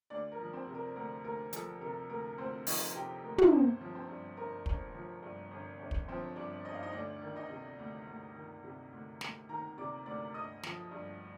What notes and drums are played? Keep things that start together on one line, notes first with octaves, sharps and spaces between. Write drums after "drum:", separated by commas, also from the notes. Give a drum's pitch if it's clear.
D2 D4 D5
A#4
F3
C4 C5
C3
A#4
D2 A#4
D2 A#4
F3 A4, drum: hi-hat
C3 A#4
D2 A#4
D2 C4 C5
F3 D#4 D#5, drum: open hi-hat
C3 G4 G5
D2 A#4
drum: tom
G1 C4 C5
F3
C4 C5
G2
G1 A#4
G1, drum: kick
F3
G2
G1
G1
drum: kick
F3 C4 C5
G2 D4 D5
G1 D#5
F5
D#4 D#5
D2 D4 D5
D#3
D#4 D#5
C3
D2
D2
D#3
C3
D2
D2, drum: snare
D#3 A#4 A#5
C3 D5 D6
D2 D5 D6
G1 D#5 D#6
F3, drum: snare
G2